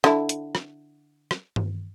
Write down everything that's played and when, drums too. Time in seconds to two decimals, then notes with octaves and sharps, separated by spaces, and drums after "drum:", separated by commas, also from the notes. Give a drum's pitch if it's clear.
0.04 D3 E4, drum: rim click
0.29 drum: hi-hat
0.55 drum: rim click
1.31 drum: rim click
1.56 drum: tom G2